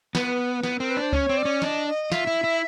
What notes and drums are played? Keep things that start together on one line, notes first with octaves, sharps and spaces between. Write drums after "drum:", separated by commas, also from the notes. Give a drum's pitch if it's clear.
B3 B4, drum: snare
B3, drum: snare
C4 A#4
B4
D4 C5
C#4 C#5, drum: kick C#2
C4
D5
C#4
D4 D#5, drum: snare
D#5
F4 E5, drum: snare
E4
E4